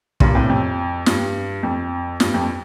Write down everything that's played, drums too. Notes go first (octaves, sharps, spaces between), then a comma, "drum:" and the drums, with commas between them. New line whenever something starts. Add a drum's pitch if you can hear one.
G2 A#2, drum: kick
A2 C3
F2
G2, drum: snare
F2
G2, drum: snare
F2